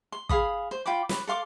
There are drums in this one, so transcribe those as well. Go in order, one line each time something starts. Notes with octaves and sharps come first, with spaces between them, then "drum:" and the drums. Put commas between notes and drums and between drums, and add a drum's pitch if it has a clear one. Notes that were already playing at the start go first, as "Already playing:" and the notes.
C6
G#4 F5 B5 D#6, drum: kick
C5
F4 G5 B5 D6
B4, drum: snare
A4 F5 C6 D6